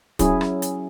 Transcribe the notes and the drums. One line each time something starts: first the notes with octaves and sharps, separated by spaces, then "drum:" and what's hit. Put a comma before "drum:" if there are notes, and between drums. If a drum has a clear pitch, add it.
F#3 C#4 E4 G#4, drum: kick, hi-hat
drum: rim click
drum: hi-hat